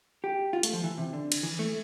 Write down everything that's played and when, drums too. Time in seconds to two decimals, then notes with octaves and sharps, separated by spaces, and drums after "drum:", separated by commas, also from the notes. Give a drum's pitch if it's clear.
0.24 G4
0.53 F4
0.63 A3, drum: hi-hat
0.73 F3
0.84 E3
0.98 C3
1.13 D3
1.32 drum: cymbal
1.43 E3
1.59 A3